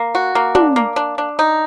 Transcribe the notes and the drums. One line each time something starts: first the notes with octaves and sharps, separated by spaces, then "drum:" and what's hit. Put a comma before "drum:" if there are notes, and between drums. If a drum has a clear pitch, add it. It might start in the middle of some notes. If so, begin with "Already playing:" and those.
Already playing: A#3
F#4
A#3
D4, drum: tom
A#3
D4
D4
D#4